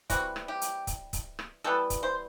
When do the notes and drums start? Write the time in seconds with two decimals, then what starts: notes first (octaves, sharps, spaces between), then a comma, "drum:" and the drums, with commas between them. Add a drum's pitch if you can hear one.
0.10 E3 G3 C4 F#4, drum: kick, hi-hat
0.36 drum: rim click
0.48 G4
0.61 drum: hi-hat
0.87 drum: kick, hi-hat
1.13 drum: kick, hi-hat
1.39 drum: rim click
1.64 E3 G3 B3 A4
1.90 drum: kick, hi-hat
2.03 C5